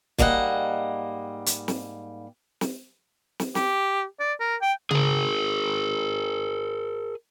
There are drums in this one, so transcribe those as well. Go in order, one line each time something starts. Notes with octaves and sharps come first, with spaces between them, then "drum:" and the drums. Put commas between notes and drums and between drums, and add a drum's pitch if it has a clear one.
G#2 G3 A#3 D#5 F#5, drum: kick
drum: hi-hat
drum: snare
drum: snare
drum: snare
G4, drum: snare
D5
A#4
G5
G#4 A#4, drum: tom C#3